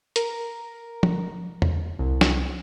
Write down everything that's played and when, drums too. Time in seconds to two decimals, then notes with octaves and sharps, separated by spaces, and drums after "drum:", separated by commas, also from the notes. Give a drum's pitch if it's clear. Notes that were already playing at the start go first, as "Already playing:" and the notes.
0.16 A#4, drum: hi-hat
1.03 drum: tom
1.62 drum: tom E2
1.99 C2
2.21 drum: snare